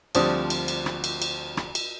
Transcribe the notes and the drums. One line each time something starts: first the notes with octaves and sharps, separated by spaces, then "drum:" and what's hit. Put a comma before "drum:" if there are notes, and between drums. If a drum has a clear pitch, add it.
D2 F3 G3 C4 D4 D#6, drum: cymbal
drum: cymbal
drum: cymbal
drum: rim click
drum: cymbal
drum: cymbal
drum: rim click
drum: cymbal